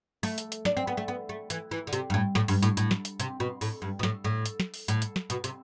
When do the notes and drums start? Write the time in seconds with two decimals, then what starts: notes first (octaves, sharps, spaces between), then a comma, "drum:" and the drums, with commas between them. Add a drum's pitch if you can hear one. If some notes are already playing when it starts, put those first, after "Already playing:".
0.23 A3, drum: open hi-hat
0.38 drum: hi-hat
0.52 drum: hi-hat
0.65 D4, drum: snare
0.77 C4
0.87 B3
0.97 A3
1.08 B3
1.29 A3
1.50 E3, drum: hi-hat
1.71 E3
1.87 D3
1.93 C3, drum: hi-hat
2.10 G2
2.14 A2
2.35 A2, drum: snare
2.48 G2, drum: open hi-hat
2.63 A2, drum: hi-hat
2.77 A2, drum: hi-hat
2.91 drum: snare
3.05 drum: hi-hat
3.20 C3, drum: hi-hat
3.40 B2
3.61 A2, drum: open hi-hat
3.82 G2
3.99 B2
4.03 A2, drum: snare
4.24 A2
4.46 drum: hi-hat
4.60 drum: snare
4.74 drum: open hi-hat
4.88 A2, drum: hi-hat
5.02 drum: hi-hat
5.16 drum: snare
5.30 B2, drum: hi-hat
5.44 C3, drum: hi-hat